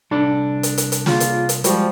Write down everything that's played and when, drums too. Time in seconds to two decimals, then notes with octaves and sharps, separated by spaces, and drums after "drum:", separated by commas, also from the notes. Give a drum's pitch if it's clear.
0.11 C2 D4 A4 B5
0.63 drum: hi-hat
0.78 drum: hi-hat
0.92 drum: hi-hat
1.06 C#3 A#3 F4, drum: snare
1.20 drum: hi-hat
1.49 drum: hi-hat
1.64 F3 G3 G#3 F#4, drum: hi-hat